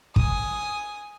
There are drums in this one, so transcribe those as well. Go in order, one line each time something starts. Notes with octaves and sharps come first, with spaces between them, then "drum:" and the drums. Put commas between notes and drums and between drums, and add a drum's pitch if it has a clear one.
G#5 D#6, drum: kick